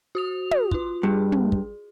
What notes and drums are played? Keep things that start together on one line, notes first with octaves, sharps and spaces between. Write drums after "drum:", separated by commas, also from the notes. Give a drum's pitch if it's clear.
F#4 D#6 F7
drum: tom
F4 C6, drum: kick
G2 G#4
drum: tom
drum: kick